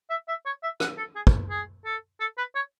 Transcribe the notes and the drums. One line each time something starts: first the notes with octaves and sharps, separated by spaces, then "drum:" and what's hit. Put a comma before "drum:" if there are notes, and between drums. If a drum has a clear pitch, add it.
E5
E5
C#5
E5
F#5, drum: rim click
A4
G#4
drum: kick
G#4
A4
A4
B4
C#5